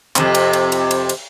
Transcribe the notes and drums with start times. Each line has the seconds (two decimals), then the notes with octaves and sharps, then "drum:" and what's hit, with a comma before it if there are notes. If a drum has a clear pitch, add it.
0.16 F2 G#2 C3, drum: clap
0.35 drum: cymbal
0.53 drum: cymbal
0.72 drum: cymbal
0.91 drum: cymbal
1.09 drum: cymbal